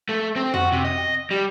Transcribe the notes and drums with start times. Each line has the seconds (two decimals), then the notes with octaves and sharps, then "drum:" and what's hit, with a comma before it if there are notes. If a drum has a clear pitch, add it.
0.09 A3
0.36 C4
0.54 F#4, drum: tom F2
0.72 C3
0.84 D#5
1.31 G3